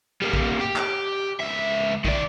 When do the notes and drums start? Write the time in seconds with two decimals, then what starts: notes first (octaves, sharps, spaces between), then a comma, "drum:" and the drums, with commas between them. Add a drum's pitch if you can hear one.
0.22 G3 A#3
0.33 drum: kick
0.60 G4
0.76 drum: clap
1.40 C#2 E5
2.05 D#3 D5, drum: kick